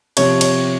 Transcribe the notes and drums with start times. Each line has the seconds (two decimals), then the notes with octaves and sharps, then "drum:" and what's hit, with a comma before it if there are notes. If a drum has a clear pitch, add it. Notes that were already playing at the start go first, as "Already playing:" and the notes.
0.17 C3 F3 C4 C#5, drum: cymbal
0.41 C#5, drum: cymbal